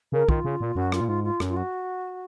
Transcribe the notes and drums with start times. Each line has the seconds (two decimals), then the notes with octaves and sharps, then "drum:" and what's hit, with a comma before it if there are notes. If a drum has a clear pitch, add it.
0.12 C#3 A#4
0.29 D#3 F4, drum: kick
0.44 C#3
0.61 A#2
0.75 F#2 F#4
0.92 F4, drum: rim click
1.01 A#2
1.07 G#2 F4
1.24 F4
1.40 F#2, drum: rim click
1.49 F4
1.56 F#4